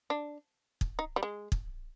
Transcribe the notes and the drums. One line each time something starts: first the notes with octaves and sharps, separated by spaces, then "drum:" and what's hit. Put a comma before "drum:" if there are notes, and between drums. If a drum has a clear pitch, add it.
D4
drum: kick
D#4
G3
G#3
drum: kick